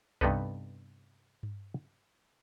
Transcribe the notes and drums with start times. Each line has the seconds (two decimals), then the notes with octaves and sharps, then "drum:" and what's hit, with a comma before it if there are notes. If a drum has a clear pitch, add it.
0.21 G2 C3 B3 D#4 A4 B4, drum: kick C2
1.43 drum: tom G2